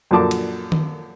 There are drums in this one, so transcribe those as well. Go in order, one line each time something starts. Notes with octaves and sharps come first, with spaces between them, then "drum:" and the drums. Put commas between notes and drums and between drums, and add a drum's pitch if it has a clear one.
F#2 A#2 D3 F3 A5 D6
drum: cymbal
drum: tom D#3